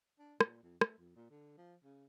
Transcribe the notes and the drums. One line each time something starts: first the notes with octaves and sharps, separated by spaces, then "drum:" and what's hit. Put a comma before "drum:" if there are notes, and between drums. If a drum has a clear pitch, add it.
D4
A#2, drum: rim click
F2
A3, drum: rim click
F2
A#2
D3
F3
C#3